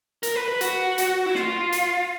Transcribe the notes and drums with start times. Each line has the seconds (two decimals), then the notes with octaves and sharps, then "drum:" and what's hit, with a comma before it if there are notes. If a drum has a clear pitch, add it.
0.23 A#4, drum: hi-hat
0.36 B4
0.48 B4
0.61 F#4, drum: hi-hat
0.98 drum: hi-hat
1.26 E4
1.35 F4, drum: snare
1.72 drum: hi-hat